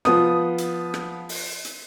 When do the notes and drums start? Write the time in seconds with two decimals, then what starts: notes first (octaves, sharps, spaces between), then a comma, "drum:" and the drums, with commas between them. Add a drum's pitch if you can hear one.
0.05 F3 B3 D#6, drum: rim click
0.58 drum: hi-hat
0.94 drum: rim click
1.29 drum: open hi-hat
1.65 drum: hi-hat